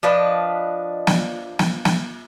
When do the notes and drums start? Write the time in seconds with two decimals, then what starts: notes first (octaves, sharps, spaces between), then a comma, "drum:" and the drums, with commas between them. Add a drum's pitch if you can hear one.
0.03 F3 D4 B4 D#5
1.07 drum: snare
1.59 drum: snare
1.85 drum: snare